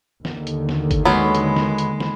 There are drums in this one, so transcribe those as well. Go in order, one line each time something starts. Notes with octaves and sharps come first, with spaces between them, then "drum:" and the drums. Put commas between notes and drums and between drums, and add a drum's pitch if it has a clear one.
D#2 D3 D#3, drum: snare
drum: hi-hat
drum: snare
drum: kick G1, hi-hat
F#3 G#3 B3 C#4 B5
drum: hi-hat
drum: snare
drum: hi-hat
drum: snare